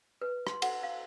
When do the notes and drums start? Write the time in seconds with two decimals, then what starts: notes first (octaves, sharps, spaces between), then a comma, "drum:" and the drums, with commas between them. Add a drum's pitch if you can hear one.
0.21 B4
0.47 C6, drum: rim click
0.62 F#5, drum: cymbal
0.83 F5